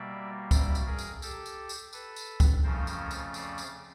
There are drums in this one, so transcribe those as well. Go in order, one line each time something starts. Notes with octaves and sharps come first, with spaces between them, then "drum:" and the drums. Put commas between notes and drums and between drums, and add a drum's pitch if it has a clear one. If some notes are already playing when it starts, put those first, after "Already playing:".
Already playing: B2 G3 A#3 D5 E5
D5 E5, drum: kick C2, tambourine
drum: tambourine
G#4 A#4
drum: tambourine
G4 A4, drum: tambourine
drum: tambourine
drum: tambourine
A4 B4, drum: tambourine
drum: tambourine
drum: kick C2, tambourine
F2 C#3 F3 A3 C#4 A#4 C5
drum: tambourine
drum: tambourine
C5 D5, drum: tambourine
drum: tambourine